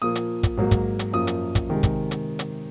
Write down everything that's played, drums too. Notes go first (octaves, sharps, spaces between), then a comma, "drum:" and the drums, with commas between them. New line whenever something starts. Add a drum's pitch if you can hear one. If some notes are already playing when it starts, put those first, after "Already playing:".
A#2 F3 A#3 D#6
drum: hi-hat
drum: kick, hi-hat
G#2 F#3 A#3
drum: kick, hi-hat
drum: hi-hat
F#2 F3 A#3 D#6
drum: hi-hat
drum: kick, hi-hat
C3 D#3 G#3
drum: kick, hi-hat
drum: hi-hat
drum: hi-hat